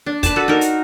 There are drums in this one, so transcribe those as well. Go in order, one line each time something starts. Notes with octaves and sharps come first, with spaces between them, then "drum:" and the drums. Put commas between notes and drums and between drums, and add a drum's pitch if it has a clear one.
D4
B4 A5, drum: kick, hi-hat
F#4 A4 B4
D#4 A#4
drum: hi-hat